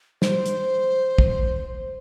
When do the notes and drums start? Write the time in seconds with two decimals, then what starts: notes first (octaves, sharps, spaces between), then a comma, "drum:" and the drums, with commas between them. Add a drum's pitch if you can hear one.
0.22 C5, drum: snare
0.46 drum: hi-hat
1.18 drum: kick